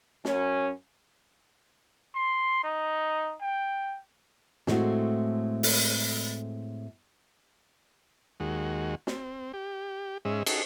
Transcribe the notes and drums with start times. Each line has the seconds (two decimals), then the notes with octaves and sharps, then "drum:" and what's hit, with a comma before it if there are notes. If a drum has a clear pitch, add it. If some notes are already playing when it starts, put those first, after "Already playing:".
0.25 F#2 C#4, drum: snare
2.15 C6
2.63 D#4
3.41 G5
4.67 A2 G#3 A3 C4 E4 F#4, drum: snare
5.63 drum: open hi-hat
8.40 D#2 G#3 F#4
9.07 C4, drum: snare
9.53 G4
10.25 G#2 G#3 C#4 E5
10.46 D#4 F#4 G#4 A4, drum: cymbal